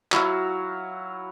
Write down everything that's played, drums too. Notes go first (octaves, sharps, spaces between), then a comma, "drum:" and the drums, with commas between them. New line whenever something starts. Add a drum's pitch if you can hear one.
F#3 E4 F#4 F5, drum: clap